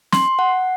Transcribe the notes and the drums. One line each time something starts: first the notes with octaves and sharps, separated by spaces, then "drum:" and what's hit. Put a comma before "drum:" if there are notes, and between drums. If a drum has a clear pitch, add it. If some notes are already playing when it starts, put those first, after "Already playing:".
C6, drum: snare
F#5